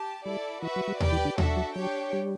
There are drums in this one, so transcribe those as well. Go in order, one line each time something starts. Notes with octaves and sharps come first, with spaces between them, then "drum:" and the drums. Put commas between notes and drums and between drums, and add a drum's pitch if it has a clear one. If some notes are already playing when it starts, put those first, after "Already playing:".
Already playing: G4 A5
G3 E4 A4 D5
E3 F#4 B4 E5
F#3
G3
G4 B4 D5 G5, drum: tom D#2
E3
D3
F#3 D4 F#4 A4 E5, drum: tom D#2
F#3
F#3 D4 G4 C#5 G5
G3